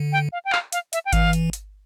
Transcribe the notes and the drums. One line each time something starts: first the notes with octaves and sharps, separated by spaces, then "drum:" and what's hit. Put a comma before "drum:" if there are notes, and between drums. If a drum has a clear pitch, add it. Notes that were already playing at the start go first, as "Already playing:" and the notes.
Already playing: D3
G5
F5
G5
F5, drum: clap
F5, drum: hi-hat
E5, drum: hi-hat
G5
E3 F5, drum: kick G#1, hi-hat
drum: hi-hat
drum: hi-hat